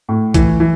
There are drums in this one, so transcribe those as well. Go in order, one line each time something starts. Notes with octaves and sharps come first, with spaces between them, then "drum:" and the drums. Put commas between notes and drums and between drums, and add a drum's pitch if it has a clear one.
A2
E3, drum: kick, hi-hat
E3